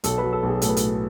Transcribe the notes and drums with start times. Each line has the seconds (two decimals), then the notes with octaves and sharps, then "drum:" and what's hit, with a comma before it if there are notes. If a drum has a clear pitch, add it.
0.04 B1 A4, drum: hi-hat
0.18 F#3 B4
0.33 A4
0.43 B1 G#4
0.62 A2 A4, drum: hi-hat
0.69 B4
0.77 A2 A4, drum: hi-hat